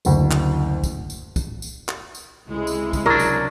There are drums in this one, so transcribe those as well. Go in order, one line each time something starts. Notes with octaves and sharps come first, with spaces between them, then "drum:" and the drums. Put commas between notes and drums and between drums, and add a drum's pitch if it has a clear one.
F#1 D2, drum: tambourine
drum: clap
drum: kick, tambourine
drum: tambourine
drum: kick, tambourine
drum: tambourine
drum: clap
drum: tambourine
C#2 C3 G#3 E4
drum: tambourine
drum: kick, tambourine
F#3 D4 A#4
drum: tambourine